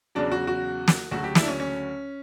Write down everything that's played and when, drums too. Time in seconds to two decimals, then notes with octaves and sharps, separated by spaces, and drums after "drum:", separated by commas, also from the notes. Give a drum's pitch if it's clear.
0.15 E2 C#3 F#3 D4
0.32 F#4
0.47 F#4
0.88 drum: snare
1.11 D2 C#3 F#3 A3 F#4
1.24 G4
1.35 E4, drum: snare
1.42 D4
1.48 C#4
1.60 C#4